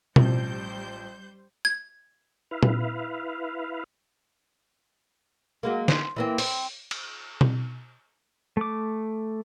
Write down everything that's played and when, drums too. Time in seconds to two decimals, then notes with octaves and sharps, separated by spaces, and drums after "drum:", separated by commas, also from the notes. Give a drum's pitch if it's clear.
0.16 A1 F3 G3 C5 G6, drum: tom B2
1.65 G#6
2.51 E4 B4 F5
2.63 drum: tom A#2
5.63 F#3 G#3 A#3
5.88 C5, drum: snare
6.16 E3 A#3 C4
6.38 C4, drum: open hi-hat
6.91 drum: cymbal
7.41 drum: tom B2
8.57 A3 D6